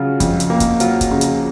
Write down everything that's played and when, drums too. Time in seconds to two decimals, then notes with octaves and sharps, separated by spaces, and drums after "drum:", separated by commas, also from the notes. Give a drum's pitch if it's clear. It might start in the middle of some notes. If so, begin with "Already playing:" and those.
Already playing: C#3 F#3 F4
0.20 F2, drum: kick, hi-hat
0.40 drum: hi-hat
0.50 A#3
0.60 drum: kick, hi-hat
0.80 F#3 F4, drum: hi-hat
1.01 drum: kick, hi-hat
1.11 C#3
1.21 drum: hi-hat